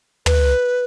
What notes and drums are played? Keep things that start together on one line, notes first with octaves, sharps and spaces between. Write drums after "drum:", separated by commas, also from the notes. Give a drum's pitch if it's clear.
B4, drum: tom